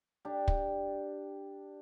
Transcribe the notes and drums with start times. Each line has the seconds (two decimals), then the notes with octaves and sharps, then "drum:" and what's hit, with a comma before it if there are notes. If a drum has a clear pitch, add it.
0.25 D4 G4
0.48 drum: kick